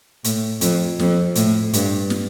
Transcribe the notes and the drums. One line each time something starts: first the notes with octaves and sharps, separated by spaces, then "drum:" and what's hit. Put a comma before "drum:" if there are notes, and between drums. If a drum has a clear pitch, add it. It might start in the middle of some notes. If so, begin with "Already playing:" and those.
A2, drum: hi-hat
F2, drum: hi-hat
F2, drum: snare
A2, drum: hi-hat
G2, drum: hi-hat
drum: snare